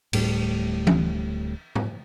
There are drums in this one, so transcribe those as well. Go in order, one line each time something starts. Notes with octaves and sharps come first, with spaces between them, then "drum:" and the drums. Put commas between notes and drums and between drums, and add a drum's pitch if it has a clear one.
D1 A2 G3, drum: cymbal
drum: tom E3
drum: tom